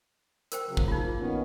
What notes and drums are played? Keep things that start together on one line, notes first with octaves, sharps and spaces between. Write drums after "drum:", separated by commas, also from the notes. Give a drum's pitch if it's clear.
A#4 C5 G5, drum: hi-hat
C#3 F#3
drum: kick
A#3 D#4 F4
D#3 B3 C#4